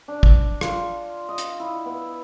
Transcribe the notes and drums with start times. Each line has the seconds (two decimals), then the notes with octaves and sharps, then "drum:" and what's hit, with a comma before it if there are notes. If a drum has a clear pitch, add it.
0.08 D4
0.23 drum: kick
0.61 F4, drum: rim click
1.29 D#5
1.38 drum: hi-hat
1.60 E4
1.85 B3